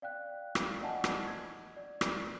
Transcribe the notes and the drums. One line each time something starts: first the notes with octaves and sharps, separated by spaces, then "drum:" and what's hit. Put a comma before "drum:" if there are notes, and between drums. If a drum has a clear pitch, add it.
D5 F5 G5 F#6
drum: rim click
D5 D#5 F#5 G#5 A5
drum: rim click
G#6
D5
drum: rim click